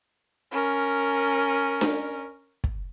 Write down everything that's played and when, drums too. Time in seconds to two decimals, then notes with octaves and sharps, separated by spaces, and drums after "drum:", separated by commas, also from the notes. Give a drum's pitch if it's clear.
0.51 C#4 A#4
1.81 drum: snare D4
2.64 drum: kick